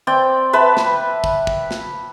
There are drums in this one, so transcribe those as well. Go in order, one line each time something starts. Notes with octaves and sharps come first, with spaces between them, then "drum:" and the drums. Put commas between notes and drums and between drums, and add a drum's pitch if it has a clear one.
C4 D5 G5
B4 E5 A5 B5
drum: snare
drum: kick
drum: kick
drum: snare